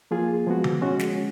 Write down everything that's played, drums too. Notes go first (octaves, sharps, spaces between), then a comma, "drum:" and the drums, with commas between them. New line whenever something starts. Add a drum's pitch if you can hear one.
F3 A#3 F4 G#4
F3 G#3 B3 F#4
drum: tom D3
G#3 C#4 F#4
drum: snare